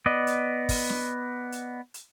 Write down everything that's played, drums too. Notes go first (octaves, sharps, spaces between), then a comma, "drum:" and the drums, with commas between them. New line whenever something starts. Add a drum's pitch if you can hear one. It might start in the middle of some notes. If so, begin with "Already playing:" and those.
B3 D5 D#5
drum: hi-hat
drum: kick, open hi-hat
drum: snare
drum: hi-hat
drum: hi-hat